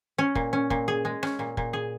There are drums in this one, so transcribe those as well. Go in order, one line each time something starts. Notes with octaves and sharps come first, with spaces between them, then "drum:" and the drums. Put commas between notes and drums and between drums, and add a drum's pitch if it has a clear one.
C#4
A#2, drum: kick
C#4
A#2, drum: kick
G#4
G#3
C#4, drum: rim click
A#2
A#2, drum: kick
G#4